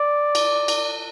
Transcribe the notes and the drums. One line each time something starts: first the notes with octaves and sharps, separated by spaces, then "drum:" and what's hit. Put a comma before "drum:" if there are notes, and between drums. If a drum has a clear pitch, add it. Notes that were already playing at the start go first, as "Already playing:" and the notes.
Already playing: D5
drum: cymbal
drum: cymbal